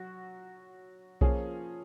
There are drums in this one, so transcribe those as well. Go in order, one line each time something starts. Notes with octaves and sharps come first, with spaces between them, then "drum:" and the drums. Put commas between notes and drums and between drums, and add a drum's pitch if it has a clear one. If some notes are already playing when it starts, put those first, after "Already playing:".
Already playing: F#3 F#4
F3 A#3 C#4 G#4, drum: kick B1